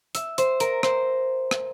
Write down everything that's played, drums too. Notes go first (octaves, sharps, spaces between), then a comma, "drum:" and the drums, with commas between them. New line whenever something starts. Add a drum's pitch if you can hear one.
E5, drum: hi-hat
C5, drum: hi-hat
A#4, drum: hi-hat
C5, drum: rim click
drum: rim click